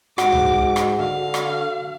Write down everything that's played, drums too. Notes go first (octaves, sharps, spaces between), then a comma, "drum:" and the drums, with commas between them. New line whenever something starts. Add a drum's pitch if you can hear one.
G#2 F#4 F#5 D6, drum: rim click
drum: tom C2
drum: rim click
D3 F5
drum: rim click